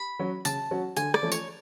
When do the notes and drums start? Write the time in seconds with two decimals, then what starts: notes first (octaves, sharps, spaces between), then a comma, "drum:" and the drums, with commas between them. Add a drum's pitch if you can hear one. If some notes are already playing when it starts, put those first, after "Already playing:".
Already playing: B5
0.19 F#3 C#4 F#4
0.45 C#3 A5, drum: tambourine
0.71 F#3 C#4 F#4
0.96 D3 G#5, drum: tambourine
1.14 D5, drum: rim click
1.23 F3 A3 C#4
1.32 C#5, drum: tambourine